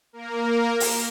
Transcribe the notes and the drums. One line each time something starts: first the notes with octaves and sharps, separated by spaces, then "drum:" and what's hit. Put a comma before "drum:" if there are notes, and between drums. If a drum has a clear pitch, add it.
A#3 A#4
drum: open hi-hat